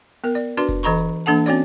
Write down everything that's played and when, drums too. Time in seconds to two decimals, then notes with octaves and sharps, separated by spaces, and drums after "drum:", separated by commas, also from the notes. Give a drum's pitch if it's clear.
0.24 B3 A#4
0.35 D5
0.57 D4 F#4 B4 D5 C6
0.69 drum: kick F1, hi-hat
0.83 E3 A4 D#5 A#5 B5 C#6
0.97 drum: hi-hat
1.26 E3 A#3 D4 A4 F#5 A5, drum: hi-hat
1.46 C4 C#4 F#4 C#5 D5